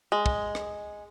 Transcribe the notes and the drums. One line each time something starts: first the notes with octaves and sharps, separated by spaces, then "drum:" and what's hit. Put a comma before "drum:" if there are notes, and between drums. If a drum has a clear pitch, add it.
G#3
drum: kick
drum: rim click